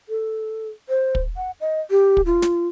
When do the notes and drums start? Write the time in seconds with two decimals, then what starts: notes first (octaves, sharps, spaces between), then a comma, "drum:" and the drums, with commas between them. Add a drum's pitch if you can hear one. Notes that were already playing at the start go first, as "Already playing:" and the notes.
0.09 A4
0.89 C5
1.15 drum: kick
1.37 F#5
1.61 D#5
1.91 G4
2.17 drum: kick
2.26 F4
2.42 drum: snare